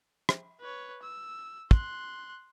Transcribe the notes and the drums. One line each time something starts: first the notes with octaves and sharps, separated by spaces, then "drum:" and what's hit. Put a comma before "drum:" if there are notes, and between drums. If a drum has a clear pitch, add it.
drum: rim click
B4 C#5
E6
C6 F#6, drum: kick